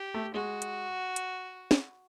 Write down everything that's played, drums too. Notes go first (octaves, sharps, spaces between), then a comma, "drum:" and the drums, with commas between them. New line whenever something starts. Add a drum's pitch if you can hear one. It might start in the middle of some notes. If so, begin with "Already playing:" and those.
Already playing: G4
A3
G#3 F#4
drum: hi-hat
drum: hi-hat
drum: snare